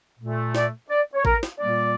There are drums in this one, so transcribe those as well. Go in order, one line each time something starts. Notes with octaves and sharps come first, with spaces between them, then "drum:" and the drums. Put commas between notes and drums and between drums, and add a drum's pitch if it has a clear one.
A#2 A3
D5, drum: snare
D5
C#5
A#4, drum: kick A1
drum: snare
A#2 G3 A#3 D5